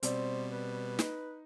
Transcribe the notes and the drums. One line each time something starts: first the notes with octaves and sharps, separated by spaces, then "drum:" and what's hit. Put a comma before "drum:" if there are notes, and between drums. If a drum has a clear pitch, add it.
B2 G3 C4 C5 D5, drum: hi-hat
B4
D#4, drum: snare